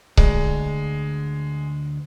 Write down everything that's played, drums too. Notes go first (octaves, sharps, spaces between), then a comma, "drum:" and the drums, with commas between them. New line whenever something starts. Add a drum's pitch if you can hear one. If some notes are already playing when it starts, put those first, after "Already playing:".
D2 G#3, drum: kick C#1